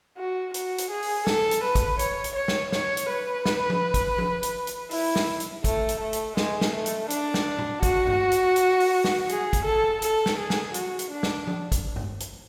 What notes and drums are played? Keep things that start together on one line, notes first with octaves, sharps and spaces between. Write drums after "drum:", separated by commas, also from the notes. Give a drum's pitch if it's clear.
F#4
F#4, drum: hi-hat
drum: hi-hat
G#4
drum: open hi-hat
A4, drum: snare
drum: hi-hat
B4
drum: kick, hi-hat
C#5, drum: hi-hat
drum: hi-hat
C#5
drum: snare
C#5, drum: snare
drum: hi-hat
B4
drum: snare
drum: tom F3
drum: kick, hi-hat
drum: tom F3
drum: hi-hat
drum: hi-hat
E4, drum: open hi-hat
drum: snare
drum: hi-hat
A3, drum: kick, hi-hat
drum: hi-hat
A3
drum: hi-hat
G#3, drum: snare
drum: snare
A3
drum: hi-hat
D4, drum: hi-hat
drum: snare
drum: tom A#2
F#4, drum: kick, hi-hat
drum: tom G2
drum: hi-hat
drum: hi-hat
drum: open hi-hat
drum: snare
G#4, drum: hi-hat
drum: kick, hi-hat
A4
A4, drum: hi-hat
drum: snare
G#4
drum: snare
F#4, drum: hi-hat
drum: hi-hat
D4
drum: snare
drum: tom F3
drum: kick, hi-hat
drum: tom G2
drum: hi-hat